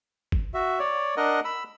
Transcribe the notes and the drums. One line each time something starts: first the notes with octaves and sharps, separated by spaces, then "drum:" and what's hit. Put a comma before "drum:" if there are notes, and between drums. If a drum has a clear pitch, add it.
drum: kick G1
F#4 E5
C#5 D5
D4 A#4 D#5 F#5
B5 E6